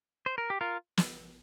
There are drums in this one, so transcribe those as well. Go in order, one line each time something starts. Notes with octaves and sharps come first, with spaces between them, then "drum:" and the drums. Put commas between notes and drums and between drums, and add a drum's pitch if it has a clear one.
C5
A#4
G4
F4 A#4
drum: snare